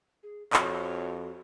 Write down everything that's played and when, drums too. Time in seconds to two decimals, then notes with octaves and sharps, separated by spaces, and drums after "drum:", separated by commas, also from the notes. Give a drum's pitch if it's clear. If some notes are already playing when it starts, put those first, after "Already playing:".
0.23 G#4
0.53 F2 F#4 C#5, drum: clap